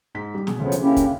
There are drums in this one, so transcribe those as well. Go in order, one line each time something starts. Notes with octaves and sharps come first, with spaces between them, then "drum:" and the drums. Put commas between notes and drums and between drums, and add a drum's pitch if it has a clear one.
G#2 B6
G3
B2 G#4, drum: snare
D2 C#3 F3 F#3 B3
drum: hi-hat
A#3 C#4 E4 G4
drum: kick, hi-hat